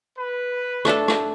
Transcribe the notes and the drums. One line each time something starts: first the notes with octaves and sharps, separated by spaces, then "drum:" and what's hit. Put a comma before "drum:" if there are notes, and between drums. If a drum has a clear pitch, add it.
B4
A3 D4 A4, drum: rim click
drum: rim click